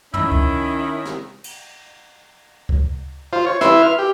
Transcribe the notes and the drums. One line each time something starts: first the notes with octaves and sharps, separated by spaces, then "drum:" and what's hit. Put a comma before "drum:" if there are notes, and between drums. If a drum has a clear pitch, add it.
D#3 C#4 E4 B5 E6, drum: tom
drum: kick C#2
drum: snare
drum: cymbal
drum: kick C#2
F4 C5
C#5
E4 B4 E5 C6, drum: snare
F6
G4